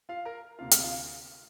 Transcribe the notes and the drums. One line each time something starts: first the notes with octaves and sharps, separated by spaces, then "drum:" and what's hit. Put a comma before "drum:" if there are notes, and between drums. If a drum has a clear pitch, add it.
F4 F5
A#4 A#5
D2 C3 A#3 F4 F5
F5 F6, drum: hi-hat
F4 F5